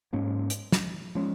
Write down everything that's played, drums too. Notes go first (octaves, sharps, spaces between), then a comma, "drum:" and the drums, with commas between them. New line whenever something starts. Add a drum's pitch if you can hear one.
G#2 F#3 A#3 C#4
drum: hi-hat
drum: snare
F3 G#3 C#4